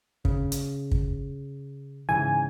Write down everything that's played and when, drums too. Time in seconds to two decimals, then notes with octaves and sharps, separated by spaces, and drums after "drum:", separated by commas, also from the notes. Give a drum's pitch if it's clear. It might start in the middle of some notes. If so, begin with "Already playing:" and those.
0.25 C#3, drum: kick
0.52 drum: hi-hat
0.91 drum: kick
2.09 G#2 C#3 E3 G#5